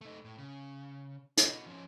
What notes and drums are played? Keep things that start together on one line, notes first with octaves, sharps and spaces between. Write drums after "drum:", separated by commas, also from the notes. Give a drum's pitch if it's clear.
A3 D#4
A2
C#3
D#4 F#4, drum: hi-hat
F3 C#4